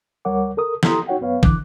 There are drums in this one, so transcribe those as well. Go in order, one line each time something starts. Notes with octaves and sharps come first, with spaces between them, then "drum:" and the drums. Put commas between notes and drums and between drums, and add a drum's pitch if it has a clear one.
D2 G3 A#4 C#5 F#5 D6
A4 A#4 D#6
E4 G4 A4 A#5 C6 D#6, drum: snare
D#4 F#4 C#5 F#5 G5
F#2 B3 B4 C#5 F5
D3 E3 D6 F#6, drum: kick